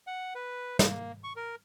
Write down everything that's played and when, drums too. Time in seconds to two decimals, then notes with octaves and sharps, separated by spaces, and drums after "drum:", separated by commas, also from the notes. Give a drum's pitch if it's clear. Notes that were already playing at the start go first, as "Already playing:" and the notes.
0.07 F#5
0.35 B4
0.79 A#3, drum: snare
1.24 C#6
1.36 A#4